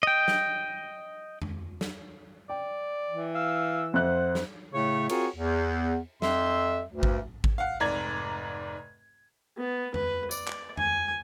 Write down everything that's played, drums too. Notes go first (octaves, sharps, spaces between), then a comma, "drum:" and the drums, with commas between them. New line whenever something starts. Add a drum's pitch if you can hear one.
D#5 G5
drum: snare
drum: tom
drum: snare
D5 G5
E3
F5 E6
F2 C5 E5 F#5 F#6
drum: snare
A2 C#3 A3 C#5
C4 F4 F#4 G#4 A#4 C#5, drum: cymbal
E2
F2 E5 C6, drum: snare
D2 G2
drum: kick G#1
drum: kick G#1
F5 F#5
F1 G#2 D5 A#5 G#6
B3
B4, drum: tom
D5, drum: tambourine
drum: clap
G#5, drum: tom